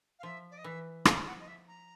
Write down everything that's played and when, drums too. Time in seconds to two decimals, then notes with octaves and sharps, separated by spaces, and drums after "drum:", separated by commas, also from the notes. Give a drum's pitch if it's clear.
0.19 F5
0.23 F3 E5
0.51 D5
0.57 D#5
0.64 E3 E5
1.05 F3 F5, drum: rim click
1.26 F#5
1.40 D#5
1.47 E5
1.67 A#5